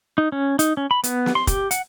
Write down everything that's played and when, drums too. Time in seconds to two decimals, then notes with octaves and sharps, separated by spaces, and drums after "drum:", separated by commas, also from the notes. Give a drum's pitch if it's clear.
0.18 D#4
0.32 C#4
0.59 D#4, drum: hi-hat
0.77 C#4
0.91 B5
1.04 B3, drum: hi-hat
1.26 drum: snare
1.35 C6
1.47 G4, drum: kick, hi-hat
1.71 F#5, drum: hi-hat